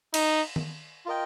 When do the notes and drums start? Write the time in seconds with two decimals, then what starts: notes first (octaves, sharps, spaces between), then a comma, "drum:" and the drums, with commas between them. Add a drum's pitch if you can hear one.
0.14 D#4, drum: cymbal
0.56 drum: tom D#3
1.06 F4 A#4 D#5 G5